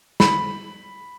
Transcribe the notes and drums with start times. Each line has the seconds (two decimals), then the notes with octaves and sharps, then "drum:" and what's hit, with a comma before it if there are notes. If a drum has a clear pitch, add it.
0.20 B5, drum: snare